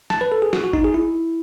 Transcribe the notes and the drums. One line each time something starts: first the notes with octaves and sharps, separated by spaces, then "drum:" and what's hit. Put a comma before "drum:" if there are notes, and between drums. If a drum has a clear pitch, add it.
A5, drum: snare
B4
A4
G#4
F#4, drum: snare
F#4
D#4, drum: kick
G#4
E4